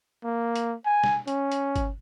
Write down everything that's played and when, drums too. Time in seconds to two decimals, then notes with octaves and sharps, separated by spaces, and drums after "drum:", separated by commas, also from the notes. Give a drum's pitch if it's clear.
0.24 A#3
0.56 drum: hi-hat
0.86 G#5
1.04 drum: snare
1.28 C#4, drum: hi-hat
1.52 drum: hi-hat
1.76 drum: kick, hi-hat